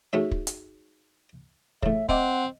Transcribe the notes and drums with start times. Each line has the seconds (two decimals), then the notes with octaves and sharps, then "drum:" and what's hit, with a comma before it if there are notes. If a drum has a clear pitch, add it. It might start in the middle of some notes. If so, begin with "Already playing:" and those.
0.13 A3 C#4 D#4 F#4 G#4 E5
0.31 drum: kick
0.47 drum: hi-hat
1.83 A2 C#3 E5, drum: kick
2.09 C4 D#5 E5 F#5 D6, drum: kick